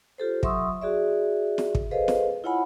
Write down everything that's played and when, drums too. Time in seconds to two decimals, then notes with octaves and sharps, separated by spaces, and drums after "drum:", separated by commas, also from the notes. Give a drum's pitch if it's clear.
0.18 F4 G4 A4 C5
0.43 F#3 E5 C6 C#6 D#6 E6, drum: kick
0.82 F#4 G#4 D5 E5
1.58 drum: snare
1.75 drum: kick
1.91 G#4 A4 B4 C5 D#5 F5
2.08 drum: snare
2.44 E4 F4 C#5 F#5 G#5 B5